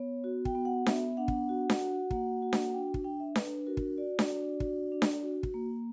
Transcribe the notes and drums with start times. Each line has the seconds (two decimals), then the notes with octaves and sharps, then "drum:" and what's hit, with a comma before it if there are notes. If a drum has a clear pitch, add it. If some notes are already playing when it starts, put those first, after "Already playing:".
Already playing: B3 C#5
0.24 F#4
0.45 G5, drum: kick
0.55 B3
0.65 F#5
0.86 B3 E5, drum: snare D4
1.17 D4 F#5
1.28 drum: kick
1.49 F#4
1.70 drum: snare D4
1.80 F#4
2.11 A#3 F#5, drum: kick
2.42 F#4
2.53 drum: snare D4
2.73 D4 G5
2.94 drum: kick
3.04 D4 G5
3.20 E5
3.36 D4 B4, drum: snare D4
3.67 F#4 A#4
3.77 drum: kick
3.98 F#4 D5
4.19 drum: snare D4
4.29 D4
4.60 F#4, drum: kick
4.92 D4
5.02 drum: snare D4
5.23 F#4
5.43 drum: kick
5.54 A#3